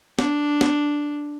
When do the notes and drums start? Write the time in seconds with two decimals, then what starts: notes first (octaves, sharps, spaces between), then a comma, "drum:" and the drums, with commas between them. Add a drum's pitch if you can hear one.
0.19 D4, drum: snare
0.61 drum: snare